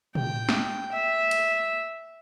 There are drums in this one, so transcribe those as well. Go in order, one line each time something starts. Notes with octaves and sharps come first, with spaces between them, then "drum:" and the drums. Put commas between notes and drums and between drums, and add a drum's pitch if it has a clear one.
G5, drum: tom
drum: snare
E5
drum: hi-hat